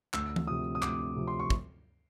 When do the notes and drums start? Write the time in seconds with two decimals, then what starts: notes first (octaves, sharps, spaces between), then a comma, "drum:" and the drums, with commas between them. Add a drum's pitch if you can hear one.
0.14 D2 E6, drum: clap
0.36 drum: tom E3
0.47 C3 F3 D#6
0.75 D#6
0.82 D2 D6, drum: clap
1.16 C3 F3
1.28 C6
1.39 C#6
1.50 drum: kick